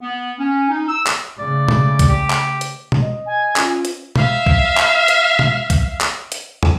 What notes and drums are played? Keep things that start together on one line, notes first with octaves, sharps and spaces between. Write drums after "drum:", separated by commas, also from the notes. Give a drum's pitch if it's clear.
B3
C#4
D#4
E6
drum: clap
C#3 A3 D5
drum: tom B2
drum: kick, hi-hat
G4
drum: clap
drum: hi-hat
drum: tom B2
D#5
G#5
C#4 F4, drum: clap
drum: hi-hat
E5 F5, drum: tom B2
drum: kick
drum: clap
drum: hi-hat
drum: tom B2
drum: kick, hi-hat
drum: clap
drum: hi-hat
drum: tom